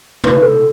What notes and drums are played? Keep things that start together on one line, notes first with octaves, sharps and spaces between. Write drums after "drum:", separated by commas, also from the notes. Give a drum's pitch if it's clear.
B4, drum: tom C3
A4